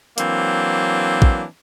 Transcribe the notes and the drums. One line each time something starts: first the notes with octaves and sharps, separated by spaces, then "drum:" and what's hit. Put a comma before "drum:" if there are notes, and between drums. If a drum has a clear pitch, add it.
E3 F#3 A#3 C4 D4, drum: hi-hat
drum: kick